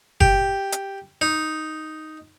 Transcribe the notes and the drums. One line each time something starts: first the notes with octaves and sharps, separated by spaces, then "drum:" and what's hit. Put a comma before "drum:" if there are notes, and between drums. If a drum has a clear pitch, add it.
G4, drum: kick F#1
drum: hi-hat
D#4